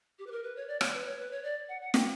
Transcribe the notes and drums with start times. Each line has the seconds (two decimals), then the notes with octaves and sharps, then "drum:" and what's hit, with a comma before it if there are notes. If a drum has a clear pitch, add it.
0.19 G4
0.27 B4
0.31 A#4
0.43 B4
0.56 C#5
0.68 D5
0.81 C#5, drum: rim click
0.94 B4
1.06 C#5
1.19 B4
1.31 C#5
1.43 D5
1.69 F#5
1.81 F#5
1.94 G5, drum: snare